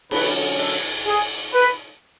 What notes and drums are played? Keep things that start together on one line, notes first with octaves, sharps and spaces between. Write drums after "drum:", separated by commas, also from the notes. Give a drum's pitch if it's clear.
D3 F#3 C#4 B4, drum: cymbal
A4, drum: open hi-hat
G#4
B4